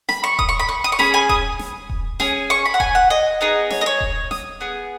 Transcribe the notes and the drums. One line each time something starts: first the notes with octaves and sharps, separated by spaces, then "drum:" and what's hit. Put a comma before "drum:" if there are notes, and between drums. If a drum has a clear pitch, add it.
B5, drum: snare
C#6
D#6, drum: kick D#1
C#6
B5
C#6
D#6
C#6
C#4 G#4 B5, drum: snare
G#5
D#6, drum: kick D#1
drum: snare
drum: kick D#1
C#4 G#4, drum: snare
C#6
B5
F#5
G#5, drum: kick D#1
F#5
D#5
B3 D#4 G#4
C#5, drum: snare
D#5
C#5
drum: kick D#1
D#6, drum: snare
B3 G#4